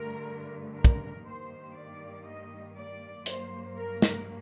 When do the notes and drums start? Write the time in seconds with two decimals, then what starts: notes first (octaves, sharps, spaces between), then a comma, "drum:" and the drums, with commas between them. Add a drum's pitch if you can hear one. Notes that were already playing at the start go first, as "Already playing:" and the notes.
Already playing: G2 D3 A3 A#4
0.75 A#4
0.85 drum: kick
1.25 G2 D#3 G3 A#3 C5
1.76 D5
2.25 D#5
2.76 D5
3.26 G2 F#3 A#3 C5, drum: hi-hat
3.77 A#4
4.02 drum: snare